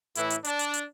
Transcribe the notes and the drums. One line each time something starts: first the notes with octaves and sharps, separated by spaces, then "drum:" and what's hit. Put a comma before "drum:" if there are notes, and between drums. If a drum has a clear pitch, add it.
A2 E3 E4, drum: hi-hat
drum: hi-hat
D4, drum: hi-hat
drum: hi-hat
drum: hi-hat